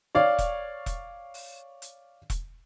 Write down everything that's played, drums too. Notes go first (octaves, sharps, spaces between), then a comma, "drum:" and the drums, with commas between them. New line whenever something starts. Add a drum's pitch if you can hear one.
C#5 D5 F5
drum: kick E1, hi-hat
drum: kick E1, hi-hat
drum: open hi-hat
drum: hi-hat
drum: kick E1, hi-hat